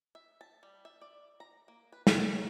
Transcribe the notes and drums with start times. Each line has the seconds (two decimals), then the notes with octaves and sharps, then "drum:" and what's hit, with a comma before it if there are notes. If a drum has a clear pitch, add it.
0.15 E5
0.41 A5
0.63 G3
0.85 E5
1.01 D5
1.40 A#5
1.68 A#3
1.92 B4
2.07 G3, drum: snare
2.30 C#4